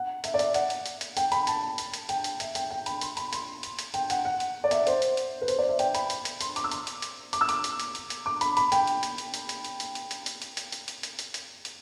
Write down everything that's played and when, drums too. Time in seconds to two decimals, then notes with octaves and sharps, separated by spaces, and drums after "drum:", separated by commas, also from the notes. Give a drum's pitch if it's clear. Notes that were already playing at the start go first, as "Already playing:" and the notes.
Already playing: F#5
0.24 E5, drum: hi-hat
0.34 D5
0.39 E5, drum: hi-hat
0.54 F#5, drum: hi-hat
0.70 drum: hi-hat
0.86 drum: hi-hat
1.01 drum: hi-hat
1.17 G5, drum: hi-hat
1.32 B5, drum: hi-hat
1.47 A5, drum: hi-hat
1.78 drum: hi-hat
1.94 drum: hi-hat
2.09 G5, drum: hi-hat
2.24 drum: hi-hat
2.40 E5, drum: hi-hat
2.55 G5, drum: hi-hat
2.71 G5
2.86 B5, drum: hi-hat
3.01 C6, drum: hi-hat
3.17 B5, drum: hi-hat
3.33 C6, drum: hi-hat
3.63 drum: hi-hat
3.79 drum: hi-hat
3.94 G5, drum: hi-hat
4.10 F#5, drum: hi-hat
4.25 F#5
4.40 drum: hi-hat
4.64 D5
4.71 E5, drum: hi-hat
4.87 C5, drum: hi-hat
5.02 drum: hi-hat
5.17 drum: hi-hat
5.42 B4
5.48 C5, drum: hi-hat
5.59 D5
5.69 E5
5.79 G5, drum: hi-hat
5.95 B5, drum: hi-hat
6.10 drum: hi-hat
6.25 drum: hi-hat
6.41 C6, drum: hi-hat
6.56 D6, drum: hi-hat
6.64 E6
6.71 D6, drum: hi-hat
6.87 drum: hi-hat
7.02 drum: hi-hat
7.33 D6, drum: hi-hat
7.41 E6
7.49 D6, drum: hi-hat
7.64 drum: hi-hat
7.79 drum: hi-hat
7.95 drum: hi-hat
8.10 drum: hi-hat
8.26 D6
8.41 B5, drum: hi-hat
8.57 B5, drum: hi-hat
8.72 G5, drum: hi-hat
8.87 drum: hi-hat
9.03 drum: hi-hat
9.18 drum: hi-hat
9.34 drum: hi-hat
9.49 drum: hi-hat
9.65 drum: hi-hat
9.80 drum: hi-hat
9.95 drum: hi-hat
10.11 drum: hi-hat
10.26 drum: hi-hat
10.42 drum: hi-hat
10.57 drum: hi-hat
10.72 drum: hi-hat
10.88 drum: hi-hat
11.03 drum: hi-hat
11.19 drum: hi-hat
11.34 drum: hi-hat
11.65 drum: hi-hat